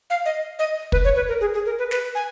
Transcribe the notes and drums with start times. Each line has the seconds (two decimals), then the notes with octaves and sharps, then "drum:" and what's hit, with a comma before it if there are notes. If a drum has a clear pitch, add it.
0.10 F5
0.25 D#5
0.59 D#5
0.92 B4, drum: kick
1.04 C#5
1.16 B4
1.28 A#4
1.41 G#4
1.54 G#4
1.66 A#4
1.79 B4
1.91 B4, drum: snare
2.15 G#5